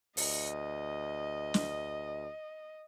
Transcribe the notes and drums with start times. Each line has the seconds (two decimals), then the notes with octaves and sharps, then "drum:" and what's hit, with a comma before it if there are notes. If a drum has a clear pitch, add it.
0.17 D2 D#5, drum: open hi-hat
1.54 drum: snare